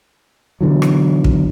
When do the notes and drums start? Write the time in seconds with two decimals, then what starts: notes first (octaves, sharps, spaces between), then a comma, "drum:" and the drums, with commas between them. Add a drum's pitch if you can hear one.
0.61 B2 D3 E3 F#3
0.82 drum: rim click
1.24 drum: kick